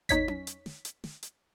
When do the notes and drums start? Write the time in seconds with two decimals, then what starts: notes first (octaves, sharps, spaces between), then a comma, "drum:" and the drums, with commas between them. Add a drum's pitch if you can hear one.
0.09 E2 D#4 C#5 B6, drum: kick G#1, hi-hat
0.28 drum: tom C#4
0.47 drum: hi-hat
0.66 drum: snare
0.85 drum: hi-hat
1.04 drum: snare
1.23 drum: hi-hat